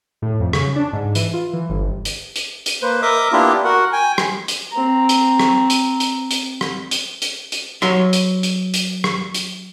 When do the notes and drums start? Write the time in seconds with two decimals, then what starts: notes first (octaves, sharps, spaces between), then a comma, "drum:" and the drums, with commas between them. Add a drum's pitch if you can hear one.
0.22 A2
0.40 F2
0.53 C#3, drum: rim click
0.76 D4
0.93 G#2
1.15 E3, drum: hi-hat
1.33 F4
1.53 E3
1.69 G1
2.05 drum: hi-hat
2.36 drum: hi-hat
2.66 drum: hi-hat
2.82 A#3 B4 C5
3.02 A#4 D#5 E5 D6 D#6
3.32 A#3 B3 D4 E4 F4 G4
3.65 F#4 A#4 F#5
3.92 G5 G#5
4.18 drum: rim click
4.48 drum: hi-hat
4.72 C4 A#5
5.09 drum: hi-hat
5.40 drum: rim click
5.70 drum: hi-hat
6.00 drum: hi-hat
6.31 drum: hi-hat
6.61 drum: rim click
6.91 drum: hi-hat
7.22 drum: hi-hat
7.52 drum: hi-hat
7.82 F#3 C#5 C6, drum: rim click
8.13 drum: hi-hat
8.43 drum: hi-hat
8.74 drum: hi-hat
9.04 drum: rim click
9.34 drum: hi-hat